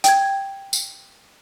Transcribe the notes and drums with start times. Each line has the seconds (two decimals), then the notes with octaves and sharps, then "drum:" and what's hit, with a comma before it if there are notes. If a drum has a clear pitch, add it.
0.04 G5 G#6, drum: hi-hat
0.73 drum: tambourine